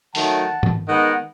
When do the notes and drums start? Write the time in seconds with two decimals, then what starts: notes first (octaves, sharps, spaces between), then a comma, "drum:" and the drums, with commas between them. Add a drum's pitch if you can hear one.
0.15 D#3 F#3 A3 F#5 A5, drum: open hi-hat
0.63 drum: tom G#2
0.87 D#3 G#3 B3 D#5 F#5